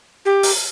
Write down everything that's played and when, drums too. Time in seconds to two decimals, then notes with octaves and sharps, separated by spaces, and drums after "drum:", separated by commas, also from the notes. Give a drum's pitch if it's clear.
0.25 G4
0.43 drum: open hi-hat